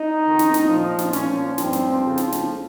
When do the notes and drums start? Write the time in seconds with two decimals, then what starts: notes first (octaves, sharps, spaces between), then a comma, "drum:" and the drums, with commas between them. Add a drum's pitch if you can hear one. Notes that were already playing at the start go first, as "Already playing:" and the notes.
Already playing: D#4
0.25 F2 D#3
0.39 drum: snare
0.54 drum: snare
0.68 A#2 F3
0.99 drum: snare
1.13 A#2 F3 C#4, drum: snare
1.58 G2 F3 C4, drum: snare
1.73 drum: snare
2.02 F2 C#3 F3
2.18 drum: snare
2.32 drum: snare